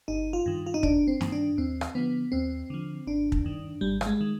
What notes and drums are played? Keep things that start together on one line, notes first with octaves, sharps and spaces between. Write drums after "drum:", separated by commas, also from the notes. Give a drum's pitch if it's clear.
G1 D#4
F4
G2 D#3
F4
D#4
G1 D4, drum: kick
C4
G2 D#3, drum: snare
D4
D#2 C4
drum: rim click
D3 F3 B3
D#2 C4
D3 F3
G#1 D4
drum: kick
G2 D#3
G#1 G3
G3, drum: rim click
G#3
D#3